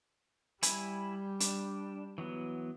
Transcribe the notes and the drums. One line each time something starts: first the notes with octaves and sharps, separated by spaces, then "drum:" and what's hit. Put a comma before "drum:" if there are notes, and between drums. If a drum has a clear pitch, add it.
G3 E4 G#5 B5, drum: hi-hat
D4, drum: hi-hat
E3 F#3 B3